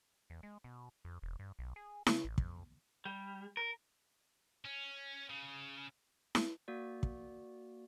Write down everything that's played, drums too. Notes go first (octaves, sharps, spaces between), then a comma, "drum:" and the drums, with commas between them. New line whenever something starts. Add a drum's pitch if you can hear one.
E2
G#3
B2
F2
E1
G2
B1
G#4
C#3, drum: snare E4
A1
F2, drum: kick
G3
A#4
C#4
C#3
drum: snare E4
A#3 F#4 D5
drum: kick